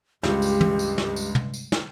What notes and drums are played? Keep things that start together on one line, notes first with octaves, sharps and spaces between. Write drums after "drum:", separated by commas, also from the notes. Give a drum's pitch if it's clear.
C#2 G2 G3 G#3 G4, drum: snare
drum: tambourine
drum: tom
drum: tambourine
drum: snare
drum: tambourine
drum: tom
drum: tambourine
drum: snare